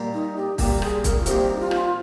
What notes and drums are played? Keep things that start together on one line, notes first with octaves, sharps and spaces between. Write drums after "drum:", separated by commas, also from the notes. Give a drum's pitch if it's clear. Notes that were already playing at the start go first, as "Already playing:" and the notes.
Already playing: A#2 G3 A#3
D#4
G4
A#2 G3 A#3 G4, drum: kick, open hi-hat
G#4, drum: rim click
A#4, drum: kick, hi-hat
F4
C3 D#3 G3 A#3 G4, drum: hi-hat
D#4
F4
drum: rim click